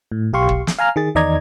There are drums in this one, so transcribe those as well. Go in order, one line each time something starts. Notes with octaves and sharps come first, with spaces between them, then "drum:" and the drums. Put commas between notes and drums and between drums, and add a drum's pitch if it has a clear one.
A2
B1 G4 F5 C6 C#6
drum: kick
drum: snare
F5 G#5 A#5 F6
D#3 G#4 A6
E2 D#3 D5 D#5 A#5 G#6